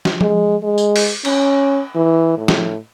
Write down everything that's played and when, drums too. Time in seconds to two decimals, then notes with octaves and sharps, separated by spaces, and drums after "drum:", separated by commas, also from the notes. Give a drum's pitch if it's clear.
0.05 drum: snare
0.21 G#3, drum: tom F3
0.63 G#3
0.78 drum: tambourine
0.96 drum: open hi-hat
1.25 C#4, drum: cymbal
1.95 E3
2.38 A2
2.48 drum: snare